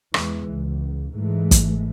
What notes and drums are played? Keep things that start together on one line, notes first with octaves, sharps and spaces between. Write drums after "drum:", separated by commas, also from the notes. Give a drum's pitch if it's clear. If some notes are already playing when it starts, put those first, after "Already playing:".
E2 E3 G#3, drum: rim click
C#2
G#2 E3 G#3 A3
drum: kick, hi-hat